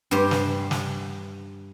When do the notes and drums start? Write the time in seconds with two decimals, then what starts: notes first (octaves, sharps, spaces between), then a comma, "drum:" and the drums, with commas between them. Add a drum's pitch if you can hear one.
0.11 G2 G3 G4 C5
0.31 drum: snare
0.71 drum: snare